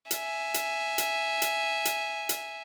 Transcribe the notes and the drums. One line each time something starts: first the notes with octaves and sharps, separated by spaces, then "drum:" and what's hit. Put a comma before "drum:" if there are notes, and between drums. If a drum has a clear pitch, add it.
E5 G#5, drum: hi-hat
drum: hi-hat
drum: hi-hat
drum: hi-hat
drum: hi-hat
drum: hi-hat